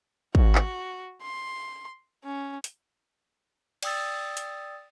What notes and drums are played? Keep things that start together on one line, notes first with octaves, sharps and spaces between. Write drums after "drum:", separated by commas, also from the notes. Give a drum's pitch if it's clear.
F#4, drum: kick
drum: clap
C6
C#4
drum: hi-hat
D5 G5 D#6 E6 A6, drum: cymbal
drum: hi-hat